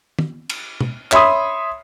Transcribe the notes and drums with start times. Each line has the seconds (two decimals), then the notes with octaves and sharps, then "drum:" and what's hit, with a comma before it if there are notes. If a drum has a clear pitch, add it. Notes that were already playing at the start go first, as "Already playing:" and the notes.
0.19 drum: tom
0.50 drum: cymbal
0.81 drum: tom
1.12 C#5 E5 B5 C6 D#6, drum: clap